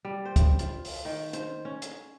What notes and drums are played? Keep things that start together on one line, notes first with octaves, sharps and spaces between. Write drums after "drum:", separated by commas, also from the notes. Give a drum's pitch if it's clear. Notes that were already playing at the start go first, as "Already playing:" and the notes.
G3
C5
drum: kick, hi-hat
F4, drum: hi-hat
drum: open hi-hat
D#3
C5, drum: hi-hat
C#4
drum: hi-hat